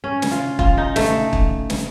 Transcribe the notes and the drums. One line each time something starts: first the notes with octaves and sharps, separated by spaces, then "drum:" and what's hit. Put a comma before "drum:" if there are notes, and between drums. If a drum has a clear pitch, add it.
C#4
drum: snare
F4
F4, drum: kick
D#4
A3, drum: snare
drum: kick
drum: snare